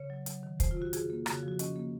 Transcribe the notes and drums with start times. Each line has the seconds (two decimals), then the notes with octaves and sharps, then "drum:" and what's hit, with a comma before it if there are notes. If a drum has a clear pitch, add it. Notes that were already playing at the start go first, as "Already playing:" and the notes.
Already playing: C#3 C#5
0.10 F#3
0.26 F#3, drum: hi-hat
0.43 D#3
0.60 F2 C5, drum: kick, hi-hat
0.71 F4
0.77 C3 F#4
0.93 F4 G#4, drum: hi-hat
1.10 A#3
1.26 C#3 F#4, drum: rim click
1.37 F#4
1.43 F3
1.48 F#4
1.59 C#4 D#5, drum: hi-hat
1.76 A#3